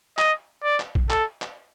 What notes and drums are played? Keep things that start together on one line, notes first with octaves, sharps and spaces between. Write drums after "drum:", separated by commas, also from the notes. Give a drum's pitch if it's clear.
D#5, drum: clap
D5
drum: clap
drum: kick A#1
A4, drum: clap
drum: clap